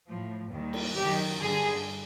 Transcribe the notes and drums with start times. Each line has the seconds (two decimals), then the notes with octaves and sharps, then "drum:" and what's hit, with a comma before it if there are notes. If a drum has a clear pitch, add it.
0.09 A2 F3
0.53 D#2 D#3 G3
0.73 drum: cymbal
0.97 F#2 D#3 F#3 G4
1.41 G2 D3 G3 G#4